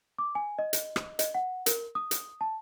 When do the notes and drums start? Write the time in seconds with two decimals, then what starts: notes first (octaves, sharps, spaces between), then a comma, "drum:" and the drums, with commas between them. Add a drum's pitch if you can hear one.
0.18 D6
0.35 G#5
0.59 D#5
0.73 drum: hi-hat
0.96 drum: rim click
1.19 D#5, drum: hi-hat
1.35 F#5
1.66 A#4, drum: hi-hat
1.95 D#6
2.11 drum: hi-hat
2.41 A5